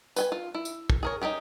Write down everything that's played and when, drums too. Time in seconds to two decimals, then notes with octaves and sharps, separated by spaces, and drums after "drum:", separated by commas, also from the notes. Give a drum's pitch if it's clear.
0.16 B4 G5 G#5, drum: tambourine
0.32 F4
0.54 E4
0.65 drum: tambourine
0.90 drum: kick
1.03 G#4 A#4 C#5
1.21 C#4 D#4 F4 G4 G#4